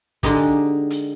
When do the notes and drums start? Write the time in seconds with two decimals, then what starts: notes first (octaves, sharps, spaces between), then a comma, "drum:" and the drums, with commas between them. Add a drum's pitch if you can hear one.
0.23 D3 G#3 D#4 G4, drum: kick, hi-hat
0.90 drum: hi-hat